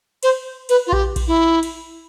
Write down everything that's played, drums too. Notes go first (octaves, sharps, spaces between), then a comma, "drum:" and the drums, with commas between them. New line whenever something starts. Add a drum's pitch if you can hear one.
C5, drum: cymbal
B4, drum: cymbal
F4
G4, drum: kick A#1
drum: kick A#1, cymbal
E4
drum: cymbal